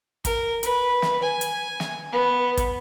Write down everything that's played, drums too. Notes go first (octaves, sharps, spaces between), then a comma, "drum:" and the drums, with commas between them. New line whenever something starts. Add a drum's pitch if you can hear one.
A#4, drum: kick, hi-hat
B4, drum: hi-hat
drum: snare
G#5
drum: hi-hat
drum: snare
B3
drum: kick, hi-hat